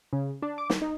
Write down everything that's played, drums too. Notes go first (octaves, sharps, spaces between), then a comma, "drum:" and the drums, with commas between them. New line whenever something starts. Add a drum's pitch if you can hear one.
C#3
D4
D6
drum: snare
D#4